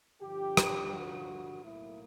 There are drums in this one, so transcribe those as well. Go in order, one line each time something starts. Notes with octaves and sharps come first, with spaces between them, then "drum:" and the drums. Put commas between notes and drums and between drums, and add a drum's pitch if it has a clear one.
G2 D3 F3 G4
drum: rim click
F#4
B1 A2 F#3 A#3 E4